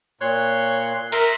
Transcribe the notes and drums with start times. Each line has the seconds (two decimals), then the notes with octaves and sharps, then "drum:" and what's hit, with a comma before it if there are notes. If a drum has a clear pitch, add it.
0.21 A#2 C#5 C6 F#6
1.12 A#4 E5 A#5 C6, drum: cymbal